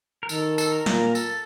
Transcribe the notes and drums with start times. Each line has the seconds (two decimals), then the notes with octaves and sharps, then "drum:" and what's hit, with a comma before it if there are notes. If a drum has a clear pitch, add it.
0.23 A#4
0.29 D#3 A4, drum: tambourine
0.58 A4, drum: tambourine
0.72 A#4
0.86 A#2, drum: snare
1.15 A4, drum: tambourine